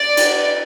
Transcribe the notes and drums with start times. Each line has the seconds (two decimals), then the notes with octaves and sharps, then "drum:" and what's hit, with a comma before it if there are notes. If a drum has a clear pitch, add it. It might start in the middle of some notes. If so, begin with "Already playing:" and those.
Already playing: D5
0.17 drum: cymbal